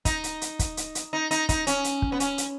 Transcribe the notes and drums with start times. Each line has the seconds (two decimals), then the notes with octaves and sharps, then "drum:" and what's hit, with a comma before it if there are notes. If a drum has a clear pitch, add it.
0.05 D#4, drum: kick, hi-hat
0.24 drum: hi-hat
0.42 drum: hi-hat
0.59 drum: kick, hi-hat
0.77 drum: hi-hat
0.95 drum: hi-hat
1.13 D#4
1.31 D#4, drum: hi-hat
1.49 D#4, drum: kick, hi-hat
1.67 C#4, drum: hi-hat
1.84 drum: hi-hat
2.02 drum: kick
2.12 B3
2.20 C#4, drum: hi-hat
2.38 drum: hi-hat